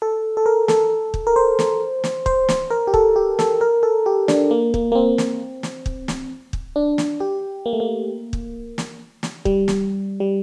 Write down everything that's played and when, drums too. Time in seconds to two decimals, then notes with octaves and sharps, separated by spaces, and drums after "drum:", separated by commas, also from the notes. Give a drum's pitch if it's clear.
0.02 A4
0.37 A4
0.46 A#4
0.68 A4, drum: snare
1.14 drum: kick
1.27 A#4
1.36 C5
1.59 drum: snare
2.04 drum: snare
2.26 C5, drum: kick
2.49 drum: snare
2.71 A#4
2.87 G4
2.94 A4, drum: kick
3.16 G4
3.39 A4, drum: snare
3.61 A#4
3.83 A4
4.06 G4
4.28 D4, drum: snare
4.51 A#3
4.74 A#3, drum: kick
4.92 A#3
4.95 C4
5.18 drum: snare
5.63 drum: snare
5.86 drum: kick
6.08 drum: snare
6.53 drum: kick
6.76 D4
6.98 drum: snare
7.20 G4
7.66 A#3
7.73 A3
7.80 A#3
8.33 drum: kick
8.78 drum: snare
9.23 drum: snare
9.45 G3, drum: kick
9.68 drum: snare
10.20 G3